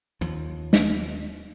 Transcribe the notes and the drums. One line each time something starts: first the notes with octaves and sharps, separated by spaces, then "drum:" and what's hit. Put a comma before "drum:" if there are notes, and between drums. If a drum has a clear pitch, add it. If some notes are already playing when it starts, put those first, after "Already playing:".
D#2 F3
drum: snare